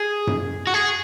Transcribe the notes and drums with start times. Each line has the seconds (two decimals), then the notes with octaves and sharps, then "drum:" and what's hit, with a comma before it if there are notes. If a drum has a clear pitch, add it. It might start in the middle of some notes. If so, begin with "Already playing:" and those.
Already playing: G#4
0.27 drum: tom F#2
0.67 F#4
0.74 G#4